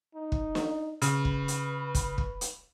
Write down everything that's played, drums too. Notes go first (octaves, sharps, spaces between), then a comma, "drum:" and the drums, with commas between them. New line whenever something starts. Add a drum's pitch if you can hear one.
D#4
drum: kick
drum: snare
C#3 B4, drum: hi-hat
drum: kick
drum: hi-hat
drum: kick, hi-hat
drum: kick
drum: hi-hat